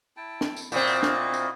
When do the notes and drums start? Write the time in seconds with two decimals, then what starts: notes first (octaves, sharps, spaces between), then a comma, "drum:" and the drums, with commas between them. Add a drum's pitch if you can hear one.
0.17 E4 G5 A5
0.41 drum: snare
0.56 drum: tambourine
0.72 A#2 C4 E4 F#4 D#5, drum: tambourine
0.87 drum: tambourine
1.03 drum: snare
1.34 drum: tambourine